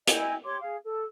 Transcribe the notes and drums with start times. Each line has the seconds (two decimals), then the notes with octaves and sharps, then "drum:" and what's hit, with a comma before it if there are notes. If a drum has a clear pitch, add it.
0.07 E4 D#5 G5 G#5, drum: hi-hat
0.44 G4 C#5 C6 D6
0.60 G#4 F5
0.83 A4